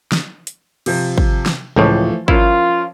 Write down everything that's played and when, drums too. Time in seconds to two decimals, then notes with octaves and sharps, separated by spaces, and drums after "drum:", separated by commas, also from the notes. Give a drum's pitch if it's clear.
0.12 drum: snare
0.47 drum: hi-hat
0.86 C3 F3, drum: cymbal
1.18 drum: kick
1.46 drum: snare
1.76 C#2 A2 E3 F3 A3
2.28 F3 C#4 E4 F4 A#4, drum: kick